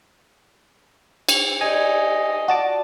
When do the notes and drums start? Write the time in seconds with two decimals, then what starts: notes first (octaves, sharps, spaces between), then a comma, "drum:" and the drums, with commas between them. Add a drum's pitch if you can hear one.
1.29 drum: cymbal
1.61 G3 A3 D#5 G#5
2.48 F4 F#4 D5 A5 D6